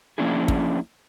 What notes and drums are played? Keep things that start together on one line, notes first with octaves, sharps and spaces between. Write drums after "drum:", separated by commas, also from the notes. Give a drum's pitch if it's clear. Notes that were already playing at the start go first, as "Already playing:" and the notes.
F3 A#3 C#4 D4 E4 G#4
drum: kick